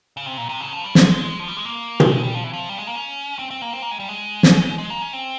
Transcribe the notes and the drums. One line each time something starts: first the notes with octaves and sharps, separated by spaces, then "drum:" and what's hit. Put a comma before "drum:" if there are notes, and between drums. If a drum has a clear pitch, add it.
C#3
C3
A#2
C3
C#3
F3
G3
G#3, drum: snare
F3
G3
G#3
A#3
C4, drum: tom
G#3
G3
F3
E3
F3
G3
G#3
A#3
C#4
C4
C4
A#3
C4
A#3
G#3
G3
G#3
drum: snare
G#3
A#3
C#4
C4